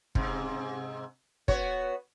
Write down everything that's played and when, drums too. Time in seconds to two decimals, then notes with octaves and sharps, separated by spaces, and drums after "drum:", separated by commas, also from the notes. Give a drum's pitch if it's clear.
0.15 G#2 C3, drum: kick
1.48 B3 F#4 C#5, drum: kick